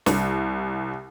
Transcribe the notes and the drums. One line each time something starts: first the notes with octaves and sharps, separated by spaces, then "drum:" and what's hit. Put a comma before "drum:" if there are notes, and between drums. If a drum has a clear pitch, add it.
C2, drum: snare